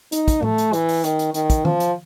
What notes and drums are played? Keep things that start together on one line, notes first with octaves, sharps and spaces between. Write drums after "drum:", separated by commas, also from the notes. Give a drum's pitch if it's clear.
D#4, drum: hi-hat
drum: kick, hi-hat
A3, drum: tom A2
drum: hi-hat
E3, drum: hi-hat
drum: open hi-hat
D#3, drum: hi-hat
drum: hi-hat
D#3, drum: hi-hat
drum: kick, hi-hat
F3, drum: tom D#3
drum: hi-hat